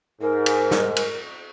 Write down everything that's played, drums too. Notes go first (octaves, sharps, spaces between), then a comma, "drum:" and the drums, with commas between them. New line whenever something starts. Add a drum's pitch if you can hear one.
G#2 A#4
drum: cymbal
drum: snare
drum: cymbal